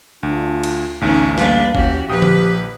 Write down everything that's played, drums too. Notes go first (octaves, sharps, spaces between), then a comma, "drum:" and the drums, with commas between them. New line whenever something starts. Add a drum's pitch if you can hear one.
D2 D4 F4
drum: cymbal
A1 D2 B3 C#4 D#4
G3 A#3 D4 B4 F5, drum: snare
D#2 E3 C#4 F#4 G4, drum: kick G1
A#1 F3 G4 B4 G5 D#6
drum: tom D3